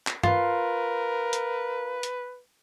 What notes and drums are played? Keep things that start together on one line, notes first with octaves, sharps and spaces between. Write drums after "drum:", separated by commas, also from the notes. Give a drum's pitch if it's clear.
drum: clap
F4 A#4 B4, drum: tom G2
drum: hi-hat
drum: hi-hat